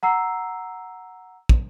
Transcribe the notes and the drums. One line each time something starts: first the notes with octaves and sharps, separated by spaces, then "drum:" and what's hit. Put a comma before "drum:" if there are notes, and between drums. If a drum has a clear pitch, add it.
F#5 A#5 E6 C7
drum: kick